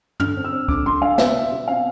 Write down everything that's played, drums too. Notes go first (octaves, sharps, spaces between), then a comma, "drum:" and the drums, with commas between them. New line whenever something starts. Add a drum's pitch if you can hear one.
D3 F6, drum: tom
C4
E6
C4
D3 D6, drum: kick
D3 C6
D3 F5
B2 E5, drum: snare
B2
B2
C4 F5